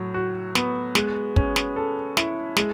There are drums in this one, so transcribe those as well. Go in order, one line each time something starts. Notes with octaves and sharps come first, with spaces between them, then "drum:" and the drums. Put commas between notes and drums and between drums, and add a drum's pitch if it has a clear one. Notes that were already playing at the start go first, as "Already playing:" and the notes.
Already playing: A2 F#3
F#4
B3, drum: snare
G#3, drum: snare
C#4, drum: kick
drum: snare
A4
E4, drum: snare
G#3, drum: snare